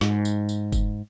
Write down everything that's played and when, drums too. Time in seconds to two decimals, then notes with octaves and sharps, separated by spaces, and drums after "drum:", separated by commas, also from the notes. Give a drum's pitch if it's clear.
0.01 G#2, drum: snare
0.25 drum: tambourine
0.49 drum: tambourine
0.72 drum: kick F#1, tambourine